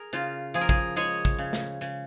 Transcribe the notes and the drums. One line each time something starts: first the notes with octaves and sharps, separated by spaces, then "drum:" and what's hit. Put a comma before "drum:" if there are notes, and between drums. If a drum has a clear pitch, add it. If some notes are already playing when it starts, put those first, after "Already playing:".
Already playing: G#4 A#4
C#3 F4, drum: hi-hat
F3 G#4
A#4
G#4, drum: kick, hi-hat
G#3 G#4 C#5
drum: kick, hi-hat
C#3
drum: snare
C#3, drum: hi-hat